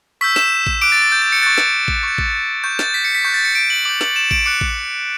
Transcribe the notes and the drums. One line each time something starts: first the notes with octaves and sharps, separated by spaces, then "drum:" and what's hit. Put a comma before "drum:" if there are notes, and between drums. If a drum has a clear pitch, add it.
C#6 E6 G6 B6
E7, drum: snare
drum: kick A1
D6 F#6 D7
A6
A6
G6
A6
C#7
C#6 F#6 A6
drum: snare
drum: kick A1
C#6 G6
drum: kick A1
C#6 G6
A6, drum: snare
B6
C#7
B6
C#6 F#6 G6
A6
C#7
D7
F#7
D6 G6 F#7
F#7, drum: snare
E7
D7, drum: kick A1
D6 F#6 C#7
drum: kick A1